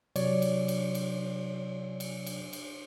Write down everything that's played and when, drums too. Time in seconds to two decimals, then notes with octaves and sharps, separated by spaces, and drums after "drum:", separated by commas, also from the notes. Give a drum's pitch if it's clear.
0.16 C3 F#3 C#5 D5, drum: cymbal
0.42 drum: cymbal
0.68 drum: cymbal
0.95 drum: cymbal
2.00 drum: cymbal
2.26 drum: cymbal
2.53 drum: cymbal